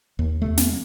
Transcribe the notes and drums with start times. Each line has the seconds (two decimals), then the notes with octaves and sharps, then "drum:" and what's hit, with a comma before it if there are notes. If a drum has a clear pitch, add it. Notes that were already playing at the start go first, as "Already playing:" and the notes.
0.19 D#2
0.42 E2 C3 A3
0.57 drum: snare